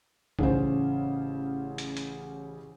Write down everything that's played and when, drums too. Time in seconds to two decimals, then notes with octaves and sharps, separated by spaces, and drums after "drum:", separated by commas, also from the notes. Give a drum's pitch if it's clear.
0.39 A1 C#3 C#4 C5, drum: kick A#1
1.78 drum: hi-hat
1.97 drum: hi-hat